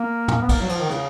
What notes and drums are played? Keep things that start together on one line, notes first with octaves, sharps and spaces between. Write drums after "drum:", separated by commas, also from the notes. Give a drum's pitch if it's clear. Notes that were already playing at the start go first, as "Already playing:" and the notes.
Already playing: A#3
drum: tom
B3
A#3, drum: kick, cymbal
F#3
F3, drum: cymbal
D#3
C#3, drum: rim click